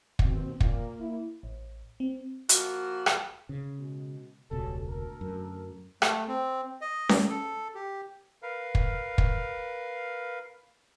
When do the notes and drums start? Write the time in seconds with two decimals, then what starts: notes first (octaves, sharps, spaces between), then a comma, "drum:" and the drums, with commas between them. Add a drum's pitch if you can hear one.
0.19 D#2 B2 C4, drum: kick
0.60 A#2 A#3, drum: kick
1.00 E4
1.43 A1
2.00 C4
2.49 F3 A#3 F#4, drum: hi-hat
3.06 drum: rim click
3.49 C#3
3.79 B2 G#3
4.51 E1 C#2 B2 G3 C#4 A4
4.88 D2 A4 A#4
5.21 F#2
6.02 A3, drum: rim click
6.28 C4
6.81 D#5
7.09 drum: snare C#4
7.29 A4
7.75 G4
8.43 A#4 B4 F5
8.75 drum: kick
9.18 drum: kick